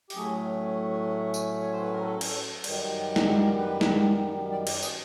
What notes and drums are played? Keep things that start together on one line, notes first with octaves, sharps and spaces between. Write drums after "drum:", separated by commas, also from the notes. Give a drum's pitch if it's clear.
G4, drum: open hi-hat
A2 F#3 A3 C#4 G#4
drum: tambourine
C#5
C5
B4
A#4
A4
drum: cymbal
F#2 D#3 G3, drum: cymbal
drum: snare
A#4
B4
drum: snare
D5
D5, drum: cymbal
G#4, drum: tambourine